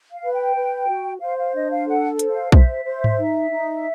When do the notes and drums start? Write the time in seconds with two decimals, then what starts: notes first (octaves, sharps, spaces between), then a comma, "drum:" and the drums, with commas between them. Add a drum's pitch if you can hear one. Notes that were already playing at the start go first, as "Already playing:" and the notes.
0.12 F5
0.23 B4
0.34 G5
0.56 B4
0.88 F#4
1.21 C5 F5
1.38 F5
1.54 D4 D#5
1.70 F5
1.86 A4 F#5
2.19 C5, drum: hi-hat
2.30 F5
2.52 C5 E5, drum: kick
2.84 C5
3.04 drum: tom G#2
3.18 D#4
3.50 D#4